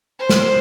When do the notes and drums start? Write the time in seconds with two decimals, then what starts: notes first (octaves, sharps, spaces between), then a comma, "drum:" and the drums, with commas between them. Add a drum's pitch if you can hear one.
0.19 C5
0.29 drum: snare